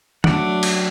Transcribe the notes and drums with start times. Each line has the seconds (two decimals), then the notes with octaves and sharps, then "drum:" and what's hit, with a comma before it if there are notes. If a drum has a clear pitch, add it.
0.24 F#3 A3 D4 D5 F#5, drum: tom
0.63 drum: cymbal